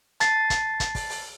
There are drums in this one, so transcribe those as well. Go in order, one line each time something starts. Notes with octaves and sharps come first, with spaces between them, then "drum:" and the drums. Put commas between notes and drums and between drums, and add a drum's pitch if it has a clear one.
A5 A6 C7, drum: hi-hat
drum: kick, hi-hat
drum: kick, hi-hat
drum: kick, open hi-hat
drum: open hi-hat